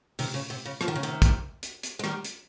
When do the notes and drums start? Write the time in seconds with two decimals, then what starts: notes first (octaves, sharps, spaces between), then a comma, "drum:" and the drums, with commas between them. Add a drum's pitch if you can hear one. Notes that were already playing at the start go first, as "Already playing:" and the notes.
0.19 C3 D#3, drum: open hi-hat
0.34 C#3
0.50 C3
0.65 C#3
0.81 F3, drum: rim click
0.88 D#3
0.96 C#3
1.03 C3 D#3, drum: hi-hat
1.22 drum: kick, hi-hat
1.63 drum: hi-hat
1.83 drum: hi-hat
1.99 G#3
2.04 D#3 G3, drum: rim click
2.25 drum: hi-hat